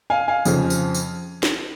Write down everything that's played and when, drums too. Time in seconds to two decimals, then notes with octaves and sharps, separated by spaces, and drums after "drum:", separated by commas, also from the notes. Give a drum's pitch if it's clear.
0.10 F5 G#5
0.28 F5 G#5
0.45 F2 C#3 F3, drum: tambourine
0.70 drum: tambourine
0.94 drum: tambourine
1.43 drum: snare